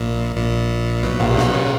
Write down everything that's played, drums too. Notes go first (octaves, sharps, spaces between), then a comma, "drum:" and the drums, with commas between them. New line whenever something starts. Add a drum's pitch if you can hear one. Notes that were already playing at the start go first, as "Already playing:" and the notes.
Already playing: A#1 A#2
A#1 A#2
B1 B2
A#1 A#2, drum: cymbal
B1 B2, drum: snare
C#3